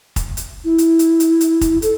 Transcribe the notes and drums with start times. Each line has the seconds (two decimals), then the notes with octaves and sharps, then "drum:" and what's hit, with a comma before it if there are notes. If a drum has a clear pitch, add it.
0.16 drum: kick, hi-hat
0.37 drum: hi-hat
0.64 E4
0.78 drum: hi-hat
0.99 drum: hi-hat
1.20 drum: hi-hat
1.41 drum: hi-hat
1.61 drum: kick, hi-hat
1.82 A4, drum: hi-hat